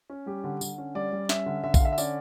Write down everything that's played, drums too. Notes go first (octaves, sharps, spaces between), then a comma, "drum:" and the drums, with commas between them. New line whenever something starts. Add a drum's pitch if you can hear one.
C#4
G3 G4
D3
D3, drum: tambourine
C#4
G3 D5
G3
C#4 E5, drum: snare
D3
D3 E5
F5, drum: kick A#1, tambourine
D3 E5
E5
C#4 D5, drum: tambourine